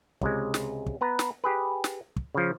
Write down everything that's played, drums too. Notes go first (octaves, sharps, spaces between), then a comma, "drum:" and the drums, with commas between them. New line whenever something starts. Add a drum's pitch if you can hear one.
C#2 C3 G#3, drum: kick
drum: snare
drum: kick
B3 B4 A#5
drum: snare
G4 G#4 B4
drum: snare
drum: kick
C#3 F3